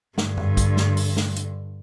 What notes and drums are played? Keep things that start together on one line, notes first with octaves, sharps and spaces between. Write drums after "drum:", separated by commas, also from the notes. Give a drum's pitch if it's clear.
G2 D3, drum: snare
drum: tom F#2
drum: kick, hi-hat
drum: snare
drum: open hi-hat
drum: snare
drum: hi-hat